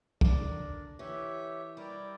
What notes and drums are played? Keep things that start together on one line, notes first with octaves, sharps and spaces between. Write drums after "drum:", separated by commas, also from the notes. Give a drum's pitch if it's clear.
D3 D4 A#4 D5, drum: kick
E3 G4 C#5 E5
G3 E4 A#4 D5 G5